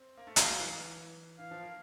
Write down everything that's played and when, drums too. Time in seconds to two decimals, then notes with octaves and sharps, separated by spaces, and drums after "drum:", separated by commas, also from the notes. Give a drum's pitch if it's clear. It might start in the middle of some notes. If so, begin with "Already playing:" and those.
Already playing: C4
0.17 A#3
0.27 A3
0.36 G#3 F5, drum: hi-hat
0.48 F#3
0.59 E3
0.70 E3
1.39 E3 F5
1.51 F3
1.61 A#3